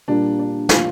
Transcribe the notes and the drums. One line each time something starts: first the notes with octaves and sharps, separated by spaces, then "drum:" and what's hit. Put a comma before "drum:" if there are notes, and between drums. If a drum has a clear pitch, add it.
A#2 G3 A#3 D4
D4
F4, drum: snare